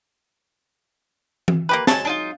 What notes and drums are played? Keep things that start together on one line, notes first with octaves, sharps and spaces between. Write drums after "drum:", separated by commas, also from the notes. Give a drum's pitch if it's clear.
drum: tom E3
A#3 G4 B4
F#3 G#3 A5, drum: snare
D4 D#4 F4